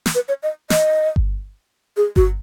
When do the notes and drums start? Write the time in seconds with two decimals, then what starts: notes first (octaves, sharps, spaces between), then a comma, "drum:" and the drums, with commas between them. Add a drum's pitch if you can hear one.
0.06 drum: snare
0.15 B4
0.28 C#5
0.43 D#5
0.70 D#5, drum: snare
1.16 drum: kick G1
1.97 G#4
2.16 F#4, drum: kick G1